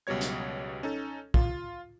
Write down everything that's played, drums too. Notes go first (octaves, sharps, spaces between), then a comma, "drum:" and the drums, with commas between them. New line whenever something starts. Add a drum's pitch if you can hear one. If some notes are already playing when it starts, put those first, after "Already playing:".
C#2 B2 F#3 G3 C#5 G#6
drum: hi-hat
C#4 D#4 A4
F4, drum: kick